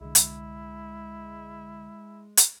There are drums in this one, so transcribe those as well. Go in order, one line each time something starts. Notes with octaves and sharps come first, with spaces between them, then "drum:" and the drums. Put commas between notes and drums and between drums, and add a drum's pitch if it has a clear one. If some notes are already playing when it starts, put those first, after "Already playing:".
C2 D3 G#3 E4
drum: hi-hat
drum: hi-hat